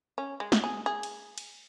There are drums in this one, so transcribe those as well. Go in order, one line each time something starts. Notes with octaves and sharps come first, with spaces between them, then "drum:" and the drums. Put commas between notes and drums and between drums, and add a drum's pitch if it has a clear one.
C#4
G#3
drum: snare
G#4
G#4
drum: cymbal
drum: cymbal